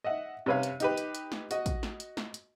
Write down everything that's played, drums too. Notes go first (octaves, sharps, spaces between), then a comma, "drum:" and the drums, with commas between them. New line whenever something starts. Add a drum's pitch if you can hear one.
D#5 E5 F#5
C3 C#4 B4 C#5 F5
drum: hi-hat
D#4 G4 B4, drum: hi-hat
drum: hi-hat
drum: hi-hat
drum: snare
F#4 D#5, drum: hi-hat
drum: kick, hi-hat
drum: snare
drum: hi-hat
drum: snare
drum: hi-hat